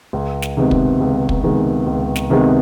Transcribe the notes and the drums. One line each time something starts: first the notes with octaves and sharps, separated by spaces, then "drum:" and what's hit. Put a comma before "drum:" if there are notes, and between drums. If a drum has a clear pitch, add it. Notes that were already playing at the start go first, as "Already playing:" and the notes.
C#2
drum: snare
C3 D#3 G#3 B3
drum: kick
C#2
drum: kick
C3 D#3 G#3 B3
C#2
drum: snare
C3 D#3 G#3 B3